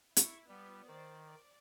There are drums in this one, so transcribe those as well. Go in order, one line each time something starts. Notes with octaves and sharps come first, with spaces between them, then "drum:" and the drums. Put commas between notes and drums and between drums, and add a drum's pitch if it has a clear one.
E4 C#6, drum: hi-hat
G3 B3 F4
D#3 C5 D5
D5